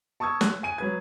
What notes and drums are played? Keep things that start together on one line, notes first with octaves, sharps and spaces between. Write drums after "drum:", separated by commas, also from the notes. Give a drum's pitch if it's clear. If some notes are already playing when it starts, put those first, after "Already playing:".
A5 C#6 D#6 E6 G#6
F#6, drum: snare
G#5 D#7
F#3 B4 G#6